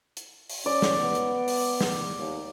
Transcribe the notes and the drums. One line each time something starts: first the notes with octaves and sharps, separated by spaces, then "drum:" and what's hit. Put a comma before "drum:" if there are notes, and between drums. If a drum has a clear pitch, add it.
drum: hi-hat
drum: open hi-hat
C#4 D5
drum: snare
B3
drum: hi-hat
drum: open hi-hat
drum: snare
D#2